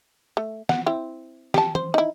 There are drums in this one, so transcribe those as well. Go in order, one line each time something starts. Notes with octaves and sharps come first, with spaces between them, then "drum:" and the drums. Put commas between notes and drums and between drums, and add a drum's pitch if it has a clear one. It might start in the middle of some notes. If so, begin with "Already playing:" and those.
A3
B3 F#5, drum: snare
C4 E4
G4 A5, drum: snare
C5, drum: tom E3
D#4 E4